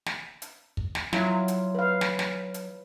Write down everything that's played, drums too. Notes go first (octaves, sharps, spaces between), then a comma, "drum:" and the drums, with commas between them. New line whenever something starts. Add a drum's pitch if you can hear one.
drum: snare
drum: hi-hat
drum: kick
drum: snare
F#3 E4 F4, drum: snare
drum: hi-hat
B4 F5
drum: snare
drum: snare
drum: hi-hat